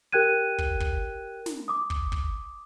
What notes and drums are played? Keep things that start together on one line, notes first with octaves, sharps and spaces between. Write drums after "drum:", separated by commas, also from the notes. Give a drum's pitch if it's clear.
G4 A#4 G5 F#6 G#6 D#7
drum: kick
drum: kick
drum: snare
D6 D#6
drum: kick
drum: kick